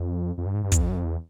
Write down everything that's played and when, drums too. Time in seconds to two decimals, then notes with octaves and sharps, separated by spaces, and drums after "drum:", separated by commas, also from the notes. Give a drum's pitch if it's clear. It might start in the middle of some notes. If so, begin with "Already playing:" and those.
Already playing: F2
0.38 F2
0.46 G2
0.54 G#2
0.64 G2
0.72 E2, drum: kick, hi-hat
0.80 F2
0.89 F#2
0.96 F2
1.04 E2